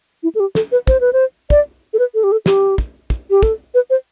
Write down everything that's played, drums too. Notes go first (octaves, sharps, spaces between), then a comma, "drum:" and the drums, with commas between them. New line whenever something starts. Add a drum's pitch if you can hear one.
E4
A4
G4
A4, drum: snare
B4
C5, drum: kick
B4
C5
D5, drum: kick
A4
B4
A4
G4
A4
G4, drum: snare
drum: kick
drum: kick
G4
A4, drum: kick
B4
C5